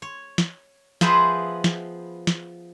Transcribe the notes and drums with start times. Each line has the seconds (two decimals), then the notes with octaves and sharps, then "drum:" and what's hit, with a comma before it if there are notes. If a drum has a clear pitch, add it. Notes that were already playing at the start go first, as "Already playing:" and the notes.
0.02 C#5
0.38 drum: snare
1.01 F3 B3 G#4 B4 C5 E5, drum: snare
1.64 drum: snare
2.27 drum: snare